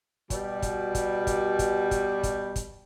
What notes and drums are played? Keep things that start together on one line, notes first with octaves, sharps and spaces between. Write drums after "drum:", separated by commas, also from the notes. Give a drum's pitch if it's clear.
B2 G3, drum: kick, hi-hat
drum: kick, hi-hat
drum: kick, hi-hat
drum: kick, hi-hat
drum: kick, hi-hat
drum: kick, hi-hat
drum: kick, hi-hat
drum: kick, hi-hat